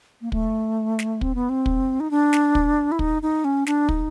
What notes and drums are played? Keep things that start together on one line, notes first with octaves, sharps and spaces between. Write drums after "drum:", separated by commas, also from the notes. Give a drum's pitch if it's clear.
A#3
A3, drum: kick
drum: snare
C4, drum: kick
B3
C4
drum: kick
D#4
D4
drum: snare
drum: kick
E4
D#4, drum: kick
D#4
C#4
D4, drum: snare
D#4, drum: kick